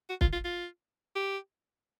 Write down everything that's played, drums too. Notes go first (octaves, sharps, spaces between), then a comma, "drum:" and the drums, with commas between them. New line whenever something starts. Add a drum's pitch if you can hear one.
F#4
F4, drum: kick
F4
F4
G4